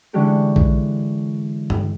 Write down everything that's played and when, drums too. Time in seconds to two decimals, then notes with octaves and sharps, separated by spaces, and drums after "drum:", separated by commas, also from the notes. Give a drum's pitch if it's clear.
0.13 D3 E3 G#3 C#4 G4 A4
0.56 drum: kick
1.70 drum: tom G2